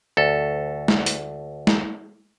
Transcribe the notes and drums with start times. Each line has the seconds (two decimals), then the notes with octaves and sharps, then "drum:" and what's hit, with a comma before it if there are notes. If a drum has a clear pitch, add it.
0.17 D2 A4
0.88 drum: snare
1.06 drum: hi-hat
1.67 drum: snare